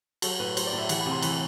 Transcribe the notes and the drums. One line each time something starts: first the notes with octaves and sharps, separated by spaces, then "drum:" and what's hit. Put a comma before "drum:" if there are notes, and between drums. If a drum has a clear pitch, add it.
F#3 A4, drum: cymbal
A2 B4
F#3 C5, drum: cymbal
D5
A2 E5
E3 F#5, drum: cymbal
B5
C3
C6
E3 B5, drum: cymbal